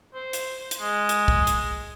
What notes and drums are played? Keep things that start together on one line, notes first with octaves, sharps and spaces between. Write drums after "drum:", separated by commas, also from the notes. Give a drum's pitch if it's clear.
C5
drum: hi-hat
drum: hi-hat
G#3
drum: hi-hat
drum: kick
drum: hi-hat